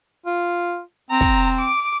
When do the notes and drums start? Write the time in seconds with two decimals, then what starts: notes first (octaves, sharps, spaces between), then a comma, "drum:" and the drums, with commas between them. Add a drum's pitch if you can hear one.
0.26 F4
1.11 C4 A#5
1.21 drum: kick, hi-hat
1.59 D6